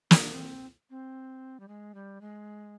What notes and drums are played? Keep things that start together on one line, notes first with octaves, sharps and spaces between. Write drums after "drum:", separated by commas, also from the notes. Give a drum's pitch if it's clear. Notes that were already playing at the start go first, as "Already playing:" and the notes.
C4, drum: snare
D4
C4
C4
G3
G#3
G3
G#3